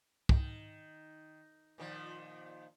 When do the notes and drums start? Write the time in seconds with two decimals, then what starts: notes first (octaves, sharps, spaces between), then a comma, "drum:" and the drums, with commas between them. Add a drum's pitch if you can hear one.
0.29 D#3, drum: kick
1.78 A#2 D#3 F3